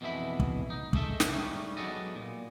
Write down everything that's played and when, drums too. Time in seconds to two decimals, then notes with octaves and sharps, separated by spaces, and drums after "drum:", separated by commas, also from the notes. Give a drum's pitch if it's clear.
0.01 F2 B2 E3 G#3 E5 B5
0.40 drum: kick
0.70 D#4
0.93 G#3 A3 A4 E5, drum: kick
1.20 drum: snare
1.32 G#2 G3 A3 C#4 D#4
1.77 F#3 G#3 B3 A4 D#5
2.15 A#2